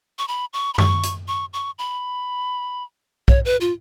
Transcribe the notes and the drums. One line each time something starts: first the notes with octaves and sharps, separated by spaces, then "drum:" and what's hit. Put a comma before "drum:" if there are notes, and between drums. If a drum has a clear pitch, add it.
C#6
B5
C#6
B5
C#6, drum: tom F#2
drum: hi-hat
C#6
C#6
B5
C#5, drum: kick
B4
F4